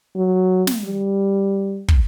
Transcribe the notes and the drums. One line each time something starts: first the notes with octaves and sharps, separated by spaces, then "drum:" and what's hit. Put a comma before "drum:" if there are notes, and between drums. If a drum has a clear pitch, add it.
F#3
drum: snare
G3
drum: kick